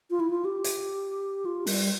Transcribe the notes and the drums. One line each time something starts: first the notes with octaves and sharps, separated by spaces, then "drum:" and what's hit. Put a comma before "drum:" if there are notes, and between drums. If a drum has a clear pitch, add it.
F4
E4
F4
G4
drum: hi-hat
F4
G3, drum: open hi-hat